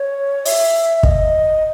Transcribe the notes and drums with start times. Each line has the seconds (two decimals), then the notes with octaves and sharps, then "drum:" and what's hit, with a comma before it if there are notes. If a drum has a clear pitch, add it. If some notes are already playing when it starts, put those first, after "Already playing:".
Already playing: C#5
0.46 E5, drum: open hi-hat
1.03 D#5, drum: kick